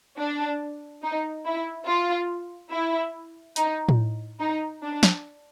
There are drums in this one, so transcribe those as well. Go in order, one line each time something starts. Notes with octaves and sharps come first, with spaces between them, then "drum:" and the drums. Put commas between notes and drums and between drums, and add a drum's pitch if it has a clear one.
D4
D#4
E4
F4
E4
D#4, drum: hi-hat
drum: tom A2
D#4
D4
drum: snare